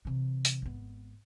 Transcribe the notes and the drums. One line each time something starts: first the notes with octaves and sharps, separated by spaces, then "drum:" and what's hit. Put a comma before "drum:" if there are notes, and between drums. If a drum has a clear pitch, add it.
C3 E3
drum: hi-hat
G#1 B3